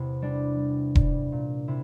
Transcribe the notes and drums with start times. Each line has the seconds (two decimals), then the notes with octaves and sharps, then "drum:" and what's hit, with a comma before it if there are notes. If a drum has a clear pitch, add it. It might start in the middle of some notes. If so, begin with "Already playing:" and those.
Already playing: E2 C3 E4
0.22 G3 D4
0.59 G3
0.95 G3, drum: kick E1
1.32 A#2
1.68 C3 E4